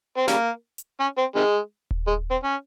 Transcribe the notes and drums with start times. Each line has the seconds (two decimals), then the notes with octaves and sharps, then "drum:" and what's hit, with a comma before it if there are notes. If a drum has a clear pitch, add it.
0.18 C4
0.28 C#3 G3 A#3, drum: snare
0.78 drum: hi-hat
1.00 C#4
1.18 C4
1.36 C3 D#3 G#3
1.91 drum: kick D#1
2.08 G#3
2.31 C4
2.44 C#4